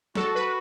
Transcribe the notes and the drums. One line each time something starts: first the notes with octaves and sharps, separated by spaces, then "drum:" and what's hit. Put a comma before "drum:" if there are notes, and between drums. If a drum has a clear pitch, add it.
F#4 A4, drum: snare
B4